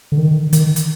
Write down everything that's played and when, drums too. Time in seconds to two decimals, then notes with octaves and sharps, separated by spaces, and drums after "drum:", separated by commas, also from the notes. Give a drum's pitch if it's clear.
0.12 D3
0.18 D#3
0.53 D#3, drum: hi-hat
0.76 drum: hi-hat